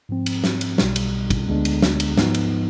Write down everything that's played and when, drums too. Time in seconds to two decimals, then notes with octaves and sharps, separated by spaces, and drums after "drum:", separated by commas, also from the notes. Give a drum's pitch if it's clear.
0.09 G#2 F3 C4
0.26 drum: cymbal
0.44 drum: snare
0.61 drum: cymbal
0.78 B1 B2 G3, drum: snare
0.96 drum: cymbal
1.30 drum: kick, cymbal
1.48 D2 D3 G#3 B3 D4
1.65 drum: cymbal
1.82 drum: snare
2.00 drum: cymbal
2.17 G#2 F3 B3 D#4, drum: snare
2.34 drum: cymbal